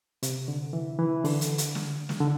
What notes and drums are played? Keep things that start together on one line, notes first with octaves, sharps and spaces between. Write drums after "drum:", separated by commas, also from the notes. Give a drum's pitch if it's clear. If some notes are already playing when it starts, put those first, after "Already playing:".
C3, drum: hi-hat
D3
E3
E3
D3, drum: open hi-hat
drum: hi-hat
drum: hi-hat
drum: snare
drum: snare
D3